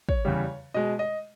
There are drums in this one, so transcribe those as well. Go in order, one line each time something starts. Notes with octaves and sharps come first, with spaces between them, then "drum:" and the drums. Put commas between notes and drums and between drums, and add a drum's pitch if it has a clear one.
C#5, drum: kick
E2 C#3 G3
B2 G#3 D#5
D#5